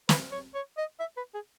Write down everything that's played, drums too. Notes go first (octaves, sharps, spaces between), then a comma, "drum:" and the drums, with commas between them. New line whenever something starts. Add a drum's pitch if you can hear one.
B4, drum: snare
C#5
C#5
D#5
E5
B4
G#4